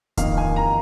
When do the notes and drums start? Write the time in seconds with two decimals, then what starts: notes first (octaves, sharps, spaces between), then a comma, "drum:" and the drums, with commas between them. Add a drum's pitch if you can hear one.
0.17 F2 D#3 A#3 F5, drum: kick D1, hi-hat
0.37 G#5
0.56 A#5